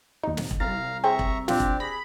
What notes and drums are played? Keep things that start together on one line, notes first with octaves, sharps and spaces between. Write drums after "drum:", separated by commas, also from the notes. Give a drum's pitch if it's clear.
D#2 D#4
drum: snare
drum: kick E1
C2 F5 A#5 A6
G#4 C5 E5 G5 A#5 C#6
drum: kick E1
C4 D4 F4 G4, drum: snare
drum: kick E1
G#4 B5 A#6